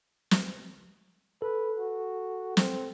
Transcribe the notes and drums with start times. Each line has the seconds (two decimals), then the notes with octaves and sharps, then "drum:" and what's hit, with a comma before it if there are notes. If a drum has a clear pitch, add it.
0.31 drum: snare
1.42 A4 B4
1.79 F#4
2.57 C4, drum: snare